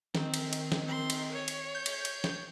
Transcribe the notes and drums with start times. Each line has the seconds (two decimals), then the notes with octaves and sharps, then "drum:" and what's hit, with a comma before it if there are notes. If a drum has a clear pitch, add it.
0.15 D#3 C4, drum: snare
0.34 drum: cymbal
0.53 drum: cymbal
0.72 drum: snare
0.85 C4 C6
1.10 drum: cymbal
1.32 C#5
1.48 drum: cymbal
1.75 G6
1.86 drum: cymbal
2.05 drum: cymbal
2.24 drum: snare